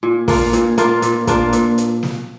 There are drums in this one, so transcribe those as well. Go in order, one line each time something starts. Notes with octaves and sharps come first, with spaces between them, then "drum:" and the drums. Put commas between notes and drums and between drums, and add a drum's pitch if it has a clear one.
A#2
A#3 D4 F4, drum: kick, open hi-hat
A#2, drum: hi-hat
A#3 D4 F4, drum: hi-hat
A#2, drum: hi-hat
A#3 D4 F4, drum: kick, hi-hat
A#2, drum: hi-hat
drum: hi-hat
drum: snare